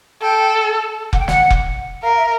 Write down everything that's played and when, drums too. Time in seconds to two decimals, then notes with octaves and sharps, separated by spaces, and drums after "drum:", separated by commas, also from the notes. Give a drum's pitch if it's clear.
0.21 A4 G5
1.13 F#5, drum: kick F1
1.20 G5
1.28 F#5, drum: snare
1.50 drum: kick F1
2.02 A#4 F5
2.17 E5